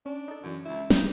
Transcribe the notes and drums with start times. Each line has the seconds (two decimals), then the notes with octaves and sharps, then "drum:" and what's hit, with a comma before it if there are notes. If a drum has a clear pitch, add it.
0.06 C#4 D4
0.28 D#4 A4
0.44 F#2 D3 E3
0.65 C#2 E4
0.90 D3 F3 G3 D#4, drum: snare